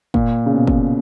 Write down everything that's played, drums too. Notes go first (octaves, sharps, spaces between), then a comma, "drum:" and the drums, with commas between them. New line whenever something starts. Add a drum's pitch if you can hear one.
A#2, drum: kick
C#3
B2
drum: kick